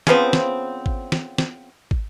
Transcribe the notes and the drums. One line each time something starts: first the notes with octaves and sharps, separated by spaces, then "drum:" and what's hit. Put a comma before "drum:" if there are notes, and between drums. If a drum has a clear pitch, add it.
C#3 F3 B3 C4, drum: snare
drum: snare
drum: kick
drum: snare
drum: snare
drum: kick